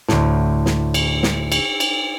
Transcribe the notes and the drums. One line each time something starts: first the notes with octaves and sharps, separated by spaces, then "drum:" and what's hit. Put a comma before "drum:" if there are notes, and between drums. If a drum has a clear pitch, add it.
D2 A2, drum: snare
drum: snare
drum: cymbal
drum: snare
drum: cymbal
drum: cymbal